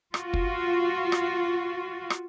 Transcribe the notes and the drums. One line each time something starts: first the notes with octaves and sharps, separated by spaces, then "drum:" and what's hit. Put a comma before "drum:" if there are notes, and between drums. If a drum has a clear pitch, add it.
F4 F#4, drum: rim click
drum: kick
drum: rim click
drum: rim click